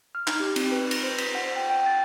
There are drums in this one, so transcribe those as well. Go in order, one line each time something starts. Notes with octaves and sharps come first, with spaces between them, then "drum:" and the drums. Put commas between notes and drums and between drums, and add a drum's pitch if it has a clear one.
F6
D#4, drum: clap
G4
C4, drum: cymbal
B4
A#6, drum: cymbal
C5
B6, drum: cymbal
F#5
G5
G5
A6